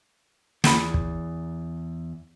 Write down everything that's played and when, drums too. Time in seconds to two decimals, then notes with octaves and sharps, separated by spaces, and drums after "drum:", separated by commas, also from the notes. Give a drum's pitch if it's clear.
0.64 E2 B5, drum: snare
0.94 drum: kick